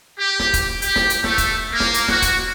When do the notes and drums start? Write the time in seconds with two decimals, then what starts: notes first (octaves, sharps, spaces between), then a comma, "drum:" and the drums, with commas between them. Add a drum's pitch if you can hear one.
0.18 G4
0.39 drum: snare
0.53 drum: kick E1, hi-hat
0.82 G4, drum: hi-hat
0.96 drum: snare
1.10 drum: hi-hat
1.24 A3, drum: snare
1.38 drum: kick E1, hi-hat
1.70 A#3
1.80 drum: snare
1.94 drum: hi-hat
2.08 F#4, drum: snare
2.22 drum: kick E1, hi-hat